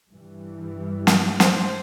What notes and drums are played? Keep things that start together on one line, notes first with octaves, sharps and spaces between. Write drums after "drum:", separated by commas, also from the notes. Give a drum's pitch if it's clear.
G2 E3 G3
drum: snare
C5, drum: snare